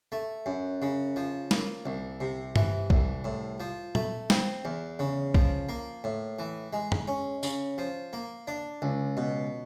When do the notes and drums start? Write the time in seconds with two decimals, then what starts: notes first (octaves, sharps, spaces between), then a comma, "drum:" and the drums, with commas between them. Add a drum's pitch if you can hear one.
0.12 A3
0.46 F#2
0.82 C#3
1.16 F3
1.51 A#3, drum: snare
1.86 C2
2.20 C3
2.56 E3, drum: tom G2
2.90 C2, drum: kick A#1
3.24 A2
3.60 F3
3.95 A3, drum: tom A#2
4.30 C4, drum: snare
4.65 E2
4.99 C#3
5.34 F3, drum: kick A#1
5.69 A#3
6.04 A2
6.39 E3
6.73 G#3
6.92 drum: tom
7.08 C#4
7.43 C#3, drum: tambourine
7.78 F3
8.13 A#3
8.48 D4
8.82 C#2
9.17 B2